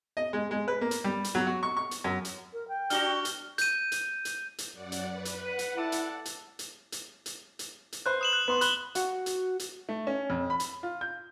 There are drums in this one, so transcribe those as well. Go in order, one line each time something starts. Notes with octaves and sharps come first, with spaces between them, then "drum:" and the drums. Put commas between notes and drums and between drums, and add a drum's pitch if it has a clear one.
D#5
G#3
G#3
B4
A#3
drum: hi-hat
G3
drum: hi-hat
F#3
F#4
C#6
C#6
drum: hi-hat
F#2
drum: hi-hat
A#4
G5
D4 F#4 G4 F6 G7, drum: hi-hat
drum: hi-hat
G6 D#7, drum: hi-hat
drum: hi-hat
drum: hi-hat
drum: hi-hat
F#2 D5 F#5
drum: hi-hat
B4
drum: hi-hat
B4 F#5
drum: hi-hat
E4 A4 D5 A5
drum: hi-hat
drum: hi-hat
drum: hi-hat
drum: hi-hat
drum: hi-hat
drum: hi-hat
drum: hi-hat
B4 C5 F#6
D#6 E7 F#7
F#6
B3 B4 C6
B5 F#6 G7, drum: hi-hat
F#4, drum: hi-hat
drum: hi-hat
drum: hi-hat
A3
C#4
F2
B5
drum: hi-hat
F4
G6